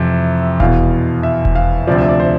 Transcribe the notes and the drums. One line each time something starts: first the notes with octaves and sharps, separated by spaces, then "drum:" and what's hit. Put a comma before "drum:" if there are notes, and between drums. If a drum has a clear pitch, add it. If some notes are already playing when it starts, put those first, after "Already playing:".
Already playing: F2 C3 E3 E5
E2 B2 F5, drum: kick E1
E5
drum: kick E1
F5
D2 C3 F3 D5
E5
D5
C5